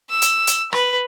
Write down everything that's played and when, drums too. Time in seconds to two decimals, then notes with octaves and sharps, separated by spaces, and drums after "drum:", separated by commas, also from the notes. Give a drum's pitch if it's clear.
0.10 E6
0.22 drum: hi-hat
0.47 drum: hi-hat
0.73 B4, drum: rim click